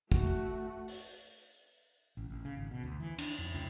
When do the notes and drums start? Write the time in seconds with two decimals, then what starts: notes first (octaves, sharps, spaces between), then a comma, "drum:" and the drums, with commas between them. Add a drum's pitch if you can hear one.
0.12 A3 F#4, drum: kick
0.88 drum: open hi-hat
2.17 A1
2.30 A1
2.45 C#3
2.57 G#1
2.71 B2
2.83 D2
3.00 E3
3.18 D4, drum: cymbal
3.38 F2
3.54 C#2